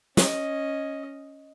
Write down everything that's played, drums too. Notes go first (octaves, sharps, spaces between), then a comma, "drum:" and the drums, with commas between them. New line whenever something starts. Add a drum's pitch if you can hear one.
C#4 D#5, drum: snare